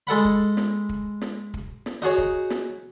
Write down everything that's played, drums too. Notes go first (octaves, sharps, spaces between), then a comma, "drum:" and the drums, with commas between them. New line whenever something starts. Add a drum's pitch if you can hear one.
G#3 A4 F#5 B5
drum: kick
drum: snare
drum: kick
drum: snare
drum: kick
drum: snare
D#4 F#4 G#4 C#5
drum: kick
drum: snare